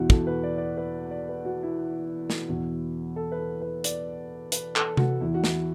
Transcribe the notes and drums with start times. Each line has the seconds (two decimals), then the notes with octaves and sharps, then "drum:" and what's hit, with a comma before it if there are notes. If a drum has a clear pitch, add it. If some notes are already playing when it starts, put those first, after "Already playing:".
Already playing: E2 B2 E4 F#4
0.10 A4, drum: kick
0.27 B4
0.43 D5
0.58 D5
0.77 B4
1.11 D5
1.29 B4
1.45 F#4
1.63 E4
2.30 drum: snare
2.48 E2 B2
3.16 A4
3.32 B4
3.39 A4
3.61 B4
3.84 D5, drum: hi-hat
4.52 B4, drum: hi-hat
4.76 A4, drum: clap
4.97 F#4, drum: tom C3
5.21 E2 E3 E4
5.34 F#4
5.44 E4, drum: snare